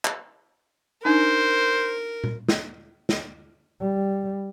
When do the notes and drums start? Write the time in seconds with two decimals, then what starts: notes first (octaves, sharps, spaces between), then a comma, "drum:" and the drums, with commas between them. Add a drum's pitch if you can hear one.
0.05 drum: clap
1.05 D4 D#4 A#4 C5
2.24 drum: tom A#2
2.49 drum: snare
3.09 drum: snare
3.80 G3